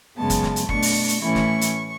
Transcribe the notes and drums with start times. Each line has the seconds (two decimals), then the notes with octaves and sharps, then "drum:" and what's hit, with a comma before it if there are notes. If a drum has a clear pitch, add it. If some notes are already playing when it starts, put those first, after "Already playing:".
0.16 F#2 C#3 G#3 B3 A5
0.30 drum: kick, hi-hat
0.43 drum: snare
0.56 drum: hi-hat
0.69 B2 A3 D4 C#6, drum: kick
0.82 drum: open hi-hat
1.09 drum: hi-hat
1.22 A2 E3 A3 C#4 E4 C#6
1.35 drum: snare
1.61 drum: hi-hat